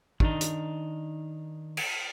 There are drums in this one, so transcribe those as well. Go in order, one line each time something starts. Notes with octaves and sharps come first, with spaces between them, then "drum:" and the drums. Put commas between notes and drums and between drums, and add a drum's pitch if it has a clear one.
D#3 D4 D#4, drum: kick
drum: hi-hat
drum: cymbal